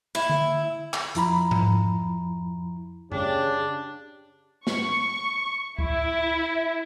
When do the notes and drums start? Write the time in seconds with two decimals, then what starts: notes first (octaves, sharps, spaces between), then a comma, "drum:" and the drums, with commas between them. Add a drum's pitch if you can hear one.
0.15 E4, drum: rim click
0.30 drum: tom D3
0.94 drum: clap
1.15 F2 F3 E4 A#5 B5, drum: hi-hat
1.51 drum: tom G#2
3.12 C#3 D4 G4, drum: tom F#2
4.67 C#6, drum: snare
5.79 E4, drum: kick C#2